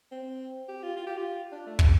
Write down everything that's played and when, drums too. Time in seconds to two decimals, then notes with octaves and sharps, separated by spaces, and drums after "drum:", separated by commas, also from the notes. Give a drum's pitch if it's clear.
0.12 C4
0.69 G4
0.83 F4
0.96 F4
1.07 G4
1.17 F4
1.52 D4
1.67 A3
1.79 G3, drum: kick